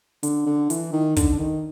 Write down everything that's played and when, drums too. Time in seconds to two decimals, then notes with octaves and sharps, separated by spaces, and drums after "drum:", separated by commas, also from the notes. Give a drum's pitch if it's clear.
0.23 D3, drum: hi-hat
0.46 D3
0.70 E3, drum: hi-hat
0.93 D#3
1.16 D3, drum: kick, hi-hat
1.32 D3
1.39 D#3